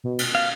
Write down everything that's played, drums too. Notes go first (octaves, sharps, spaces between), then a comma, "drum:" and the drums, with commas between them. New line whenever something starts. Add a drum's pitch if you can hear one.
B2
drum: cymbal
F5